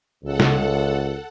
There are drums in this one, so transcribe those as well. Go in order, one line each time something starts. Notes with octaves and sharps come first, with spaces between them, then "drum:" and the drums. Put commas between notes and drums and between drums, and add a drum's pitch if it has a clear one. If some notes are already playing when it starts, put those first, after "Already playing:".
C#2 A4 F#5
drum: snare